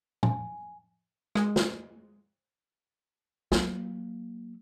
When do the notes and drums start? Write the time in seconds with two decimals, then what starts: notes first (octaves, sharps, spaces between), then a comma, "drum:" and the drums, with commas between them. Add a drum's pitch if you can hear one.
0.23 G#5, drum: tom A#2
1.35 G#3, drum: rim click
1.56 drum: snare
3.52 F#3 A#3, drum: snare